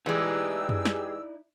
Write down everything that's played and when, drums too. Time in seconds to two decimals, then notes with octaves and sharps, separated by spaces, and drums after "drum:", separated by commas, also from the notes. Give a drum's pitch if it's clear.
0.06 E3 G#3 D#4 E4 G4 G#4 D5 E6
0.69 drum: tom F#2
0.85 drum: snare